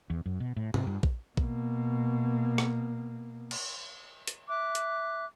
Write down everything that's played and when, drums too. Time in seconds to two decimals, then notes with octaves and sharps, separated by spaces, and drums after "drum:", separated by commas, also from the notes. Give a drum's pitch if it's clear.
0.10 E2
0.26 F#2
0.40 B2
0.56 A2
0.74 C3, drum: tom G#2
0.87 G2
1.03 drum: kick A#1
1.37 B2 A#3, drum: kick A#1
2.58 drum: rim click
3.51 drum: cymbal
4.27 drum: hi-hat
4.49 E5 D6 F#6
4.75 drum: hi-hat